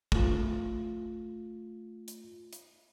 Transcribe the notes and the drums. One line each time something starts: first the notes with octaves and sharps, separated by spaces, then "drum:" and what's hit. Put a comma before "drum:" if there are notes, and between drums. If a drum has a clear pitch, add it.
A3 F4, drum: kick
drum: hi-hat
drum: hi-hat